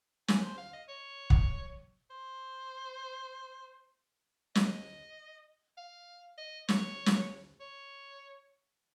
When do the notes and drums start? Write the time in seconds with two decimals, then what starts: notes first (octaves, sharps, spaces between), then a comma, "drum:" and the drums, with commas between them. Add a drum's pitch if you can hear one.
0.28 G#4, drum: snare
0.42 C5
0.58 F5
0.73 D#5
0.89 C#5
1.30 drum: kick
2.11 C5
4.55 D#5, drum: snare
5.78 F5
6.38 D#5
6.69 C#5, drum: snare
7.06 drum: snare
7.61 C#5